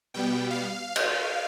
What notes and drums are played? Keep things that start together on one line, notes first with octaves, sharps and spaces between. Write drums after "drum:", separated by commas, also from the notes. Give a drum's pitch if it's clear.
B2 G3 B3 G5
F5
drum: cymbal